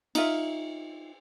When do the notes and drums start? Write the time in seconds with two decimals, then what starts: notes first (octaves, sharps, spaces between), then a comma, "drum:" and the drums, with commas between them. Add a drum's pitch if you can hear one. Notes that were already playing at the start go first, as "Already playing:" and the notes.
0.15 D#4 F4 E5, drum: cymbal